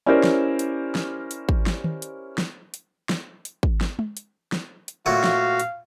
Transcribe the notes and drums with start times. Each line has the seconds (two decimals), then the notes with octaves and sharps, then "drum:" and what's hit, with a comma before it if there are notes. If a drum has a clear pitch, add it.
0.06 C#4 E4 G4 A#4 C5 D5
0.24 drum: snare
0.59 drum: hi-hat
0.95 drum: snare
1.31 drum: hi-hat
1.49 drum: kick G#1
1.66 drum: snare
1.84 drum: tom D#3
2.02 drum: hi-hat
2.38 drum: snare
2.74 drum: hi-hat
3.09 drum: snare
3.45 drum: hi-hat
3.63 drum: kick G#1
3.81 drum: snare
3.99 drum: tom G#3
4.17 drum: hi-hat
4.52 drum: snare
4.88 drum: hi-hat
5.06 A#2 F#3 A3 F#4 F5
5.24 drum: snare
5.60 drum: hi-hat